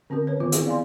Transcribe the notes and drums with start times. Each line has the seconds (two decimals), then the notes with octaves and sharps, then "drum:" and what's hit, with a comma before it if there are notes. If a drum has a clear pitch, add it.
0.10 D3 C4 C#4 G4 A#4
0.27 B4 C#5
0.40 D#3 E3 B3 F4
0.52 B3 C4 E4 G4 G#4, drum: hi-hat
0.67 D5 F5 G#5 C6